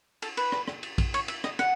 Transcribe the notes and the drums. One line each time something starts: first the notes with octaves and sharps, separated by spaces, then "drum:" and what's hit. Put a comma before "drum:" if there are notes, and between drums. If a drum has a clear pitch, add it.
A4, drum: cymbal
B4, drum: cymbal
drum: rim click
drum: rim click
drum: cymbal
drum: kick A#1, cymbal
C#5, drum: cymbal
E5, drum: cymbal
D#5, drum: rim click
F#5, drum: rim click